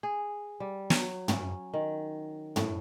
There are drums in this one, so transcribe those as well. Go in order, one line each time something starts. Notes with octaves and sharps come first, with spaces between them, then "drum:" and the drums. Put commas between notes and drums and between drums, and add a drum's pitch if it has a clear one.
G#4
G3
F#3, drum: snare
C#4, drum: tom
D#3
A2, drum: tom